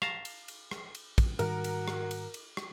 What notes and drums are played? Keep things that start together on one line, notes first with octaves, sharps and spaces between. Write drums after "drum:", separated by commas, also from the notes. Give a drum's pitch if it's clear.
F5 A5 A#5, drum: rim click
drum: cymbal
drum: cymbal
drum: rim click
drum: cymbal
drum: kick, cymbal
G#2 D#3 G3 F#4 A#4, drum: cymbal
drum: cymbal
drum: rim click
drum: cymbal
drum: cymbal
drum: rim click